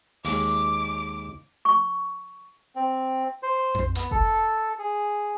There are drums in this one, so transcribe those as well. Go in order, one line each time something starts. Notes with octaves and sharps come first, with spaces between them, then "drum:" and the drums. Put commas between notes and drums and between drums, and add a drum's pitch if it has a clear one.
D#2 G#3 D6, drum: open hi-hat
C#6
C4
C5
drum: tom F2
B3, drum: hi-hat
A4, drum: kick F1
G#4